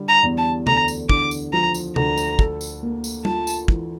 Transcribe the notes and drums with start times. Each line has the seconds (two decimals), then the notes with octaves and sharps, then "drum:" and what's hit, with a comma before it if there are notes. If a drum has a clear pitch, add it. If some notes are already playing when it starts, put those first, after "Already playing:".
Already playing: D3 G3
0.09 A#5
0.23 E2
0.38 A5
0.67 D2 A#5, drum: tom C3
0.88 drum: tambourine
1.09 D3 D6, drum: kick
1.31 drum: tambourine
1.53 F3 A#5
1.74 drum: tambourine
1.96 D2 A#5, drum: tom C3
2.18 drum: tambourine
2.39 A4, drum: kick
2.61 drum: tambourine
2.83 A#3
3.04 drum: tambourine
3.25 F4 A5, drum: tom
3.47 drum: tambourine
3.68 E3, drum: kick